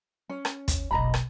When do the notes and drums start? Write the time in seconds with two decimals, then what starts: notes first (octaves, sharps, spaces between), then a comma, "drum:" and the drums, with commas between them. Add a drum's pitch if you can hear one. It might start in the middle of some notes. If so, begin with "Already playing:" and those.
0.29 C#4
0.45 drum: rim click
0.68 drum: kick, hi-hat
0.91 F1 B1 D#5 A#5 B5
1.14 drum: rim click